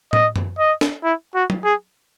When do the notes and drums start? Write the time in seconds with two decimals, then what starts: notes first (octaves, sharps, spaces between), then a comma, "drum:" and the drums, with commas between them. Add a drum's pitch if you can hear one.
0.13 D#5, drum: tom
0.36 drum: tom F#2
0.59 D#5
0.81 drum: snare
1.04 E4
1.35 F#4
1.50 drum: tom
1.65 G#4